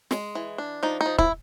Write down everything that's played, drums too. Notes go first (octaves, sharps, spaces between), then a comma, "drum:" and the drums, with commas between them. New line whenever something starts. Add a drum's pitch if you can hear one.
G#3, drum: snare
E3
D4
F3 D#4
D#4
F3
E4, drum: kick